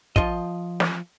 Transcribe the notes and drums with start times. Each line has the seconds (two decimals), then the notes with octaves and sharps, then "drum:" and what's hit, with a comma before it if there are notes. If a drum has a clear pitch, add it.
0.16 F3 F4 D#5, drum: kick
0.80 drum: snare